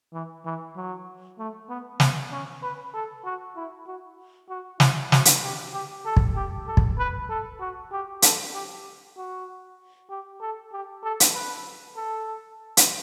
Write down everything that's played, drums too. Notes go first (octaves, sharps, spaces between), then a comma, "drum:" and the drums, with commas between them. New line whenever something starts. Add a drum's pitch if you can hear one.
E3
E3
F#3
A3
B3
B3, drum: snare
C#4
B4
A4
F#4
E4
F#4
F#4
E4, drum: snare
F#4, drum: snare
drum: hi-hat
G4
G4
A4
drum: kick
G4
A4
drum: kick
B4
A4
F#4
G4
A4, drum: hi-hat
G4
F#4
G4
A4
G4
A4
drum: hi-hat
B4
A4
drum: hi-hat